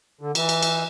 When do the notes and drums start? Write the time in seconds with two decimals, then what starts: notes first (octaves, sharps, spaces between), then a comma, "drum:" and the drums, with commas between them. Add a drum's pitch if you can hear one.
0.21 D3
0.35 E3, drum: cymbal
0.49 drum: cymbal
0.63 drum: cymbal